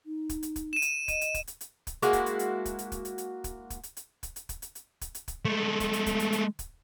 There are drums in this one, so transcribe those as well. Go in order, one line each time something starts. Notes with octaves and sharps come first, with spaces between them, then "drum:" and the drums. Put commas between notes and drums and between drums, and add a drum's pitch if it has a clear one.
D#4
drum: kick, hi-hat
drum: hi-hat
drum: kick, hi-hat
D#7 E7
drum: hi-hat
D#5 D#7, drum: kick, hi-hat
drum: hi-hat
drum: kick, hi-hat
drum: hi-hat
drum: hi-hat
drum: kick, hi-hat
G#3 A#3 E4 F#4, drum: hi-hat
drum: kick, hi-hat
drum: hi-hat
drum: hi-hat
drum: kick, hi-hat
drum: hi-hat
drum: kick, hi-hat
drum: hi-hat
drum: hi-hat
drum: kick, hi-hat
drum: kick, hi-hat
drum: hi-hat
drum: hi-hat
drum: kick, hi-hat
drum: hi-hat
drum: kick, hi-hat
drum: hi-hat
drum: hi-hat
drum: kick, hi-hat
drum: hi-hat
drum: kick, hi-hat
G#3 A3
drum: kick, hi-hat
drum: hi-hat
drum: kick, hi-hat
drum: hi-hat
drum: hi-hat
drum: kick, hi-hat